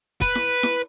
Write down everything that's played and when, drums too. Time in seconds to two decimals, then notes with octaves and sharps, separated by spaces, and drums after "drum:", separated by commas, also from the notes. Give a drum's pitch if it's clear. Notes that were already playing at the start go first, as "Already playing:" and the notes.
0.21 B4, drum: kick
0.35 drum: snare E4
0.63 drum: snare E4